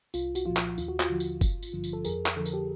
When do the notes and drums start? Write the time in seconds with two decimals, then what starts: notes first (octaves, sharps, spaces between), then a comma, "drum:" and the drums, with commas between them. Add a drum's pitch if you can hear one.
0.14 C2 F4, drum: tambourine
0.35 F#4, drum: tambourine
0.46 A#2 F3 F4
0.57 drum: clap
0.78 D#2 F4, drum: tambourine
0.88 F#4
1.00 F4, drum: clap
1.09 D3 F3
1.20 drum: tambourine
1.41 G#1, drum: kick F#1, tambourine
1.63 drum: tambourine
1.73 G2 D3 F3
1.84 drum: tambourine
1.93 A4
2.05 F2 G#4 A#4, drum: tambourine
2.26 drum: clap
2.36 D3 F3 A4
2.46 A#4, drum: tambourine
2.53 G4 A4